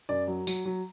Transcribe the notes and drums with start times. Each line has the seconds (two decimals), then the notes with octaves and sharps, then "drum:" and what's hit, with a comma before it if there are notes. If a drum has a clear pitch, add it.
0.09 F#2 D5
0.27 F#3
0.47 F#3, drum: tambourine
0.65 F#3